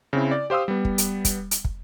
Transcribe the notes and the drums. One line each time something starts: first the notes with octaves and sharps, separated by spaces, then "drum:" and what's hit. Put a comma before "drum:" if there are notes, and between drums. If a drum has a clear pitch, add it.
C#3 C4 E4
D5
G4 C5 F5 D#6 E6
G3 B3
drum: kick
drum: hi-hat
drum: kick, hi-hat
drum: hi-hat
drum: kick